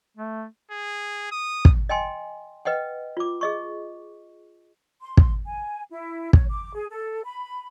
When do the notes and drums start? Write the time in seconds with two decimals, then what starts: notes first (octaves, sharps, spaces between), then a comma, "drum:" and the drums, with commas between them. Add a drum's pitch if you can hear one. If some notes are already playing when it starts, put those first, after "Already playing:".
0.17 A3
0.71 G#4
1.32 D#6
1.65 drum: kick
1.89 D#5 G5 G#5 C6
2.65 B4 D#5 F#5 G5
3.17 F4 D6
3.41 G#4 D#5 C#6
5.01 C6
5.17 drum: kick
5.44 G#5
5.90 E4
6.33 C#5, drum: kick
6.49 D6
6.74 G#4
6.91 A4
7.24 B5